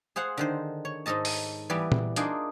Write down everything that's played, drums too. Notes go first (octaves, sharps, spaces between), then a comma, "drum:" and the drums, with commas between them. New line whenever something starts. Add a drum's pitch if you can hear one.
G#4 C5 F5 F#5
D3 D#3 C5
C#5
G#2 D#4 A4 D#5 A5
drum: open hi-hat
E3 G3 B3 D5
drum: tom A#2
A#3 D4 D#4 F4 G#4, drum: hi-hat